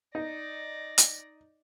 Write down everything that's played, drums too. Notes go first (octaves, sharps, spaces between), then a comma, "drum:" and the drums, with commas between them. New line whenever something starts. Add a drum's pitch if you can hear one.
D#4 D5 A#6
drum: hi-hat